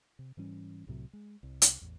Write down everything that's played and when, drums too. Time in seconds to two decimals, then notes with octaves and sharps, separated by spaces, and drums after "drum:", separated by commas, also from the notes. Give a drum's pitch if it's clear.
0.19 C3
0.37 G#2 E3 G3 C#4
0.87 C2 A2 C3 F#3
1.13 G#3
1.43 C2
1.62 drum: hi-hat
1.81 A1 E2